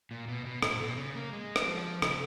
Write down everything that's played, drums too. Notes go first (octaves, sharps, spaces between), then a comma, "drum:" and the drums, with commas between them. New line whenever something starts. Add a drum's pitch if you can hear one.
A#2
B2
B2
A#2, drum: rim click
B2
C#3
A#3
G#3
drum: rim click
F3
C#3, drum: rim click